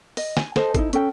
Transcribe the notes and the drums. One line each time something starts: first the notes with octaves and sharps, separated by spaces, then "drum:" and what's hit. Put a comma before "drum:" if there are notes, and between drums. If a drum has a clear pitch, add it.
D#5, drum: open hi-hat
G#5, drum: snare
A4 C5 D#5, drum: snare
D#4 E4 G#4, drum: kick, hi-hat
C#4 A4 G5, drum: hi-hat